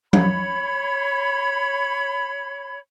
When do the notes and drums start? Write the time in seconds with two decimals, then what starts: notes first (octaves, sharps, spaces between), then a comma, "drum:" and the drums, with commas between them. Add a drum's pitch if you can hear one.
0.13 C#5 B5, drum: tom F#3